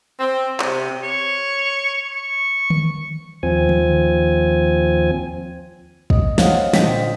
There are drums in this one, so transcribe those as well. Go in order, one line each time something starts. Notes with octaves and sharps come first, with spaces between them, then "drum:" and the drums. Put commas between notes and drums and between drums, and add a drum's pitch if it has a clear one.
C4
C3, drum: clap
C#5
C#6
drum: tom D3
D#2 F3 C4 G#5
drum: tom D3
D#5, drum: kick
C5 C#5 D#5 F5 F#5, drum: snare
A#1 D3 C4 D#5 G5 B6, drum: snare